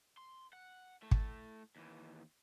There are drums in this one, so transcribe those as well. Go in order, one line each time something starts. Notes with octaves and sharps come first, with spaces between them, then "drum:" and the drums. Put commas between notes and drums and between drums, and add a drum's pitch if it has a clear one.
C6
F#5
A2 A3
drum: kick
D#2 E3